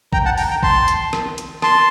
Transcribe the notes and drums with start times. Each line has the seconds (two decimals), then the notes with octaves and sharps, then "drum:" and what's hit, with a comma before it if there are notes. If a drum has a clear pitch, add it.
0.13 G5 A#5, drum: kick
0.25 F#5 A5
0.38 G5 A#5, drum: open hi-hat
0.50 G5 A#5
0.63 A5 C6, drum: kick
0.88 drum: hi-hat
1.13 drum: rim click
1.38 drum: hi-hat
1.62 A5 C6, drum: rim click